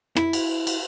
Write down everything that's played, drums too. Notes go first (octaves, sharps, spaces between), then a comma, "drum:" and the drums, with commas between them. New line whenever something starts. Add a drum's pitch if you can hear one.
E4, drum: rim click
drum: cymbal
drum: cymbal